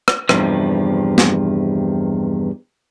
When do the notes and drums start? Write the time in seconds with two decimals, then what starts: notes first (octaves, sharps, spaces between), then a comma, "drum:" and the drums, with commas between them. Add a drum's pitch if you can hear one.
0.08 drum: rim click
0.29 E2 G2 C3 D#3 F3, drum: rim click
1.18 drum: snare